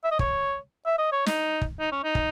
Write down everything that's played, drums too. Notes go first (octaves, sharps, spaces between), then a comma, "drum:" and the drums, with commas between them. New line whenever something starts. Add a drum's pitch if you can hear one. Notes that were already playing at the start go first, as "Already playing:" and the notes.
E5
D#5
C#5, drum: kick
E5
D#5
C#5
D#4, drum: snare
drum: kick
D#4
C#4
D#4
drum: kick